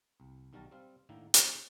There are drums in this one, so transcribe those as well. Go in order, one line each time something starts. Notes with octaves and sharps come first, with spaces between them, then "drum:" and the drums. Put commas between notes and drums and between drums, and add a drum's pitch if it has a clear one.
C2
B1 D#3 G3 F#4 A#4 A5
G3 C4 F5
A2 D3 D#3 A#3 E4
B3 E4 B4 C#5 D#5, drum: hi-hat